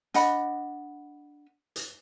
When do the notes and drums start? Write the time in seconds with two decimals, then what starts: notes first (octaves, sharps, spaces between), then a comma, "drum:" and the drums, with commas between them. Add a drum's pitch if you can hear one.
0.14 D4 D#5 F#5 B5, drum: hi-hat
1.76 drum: hi-hat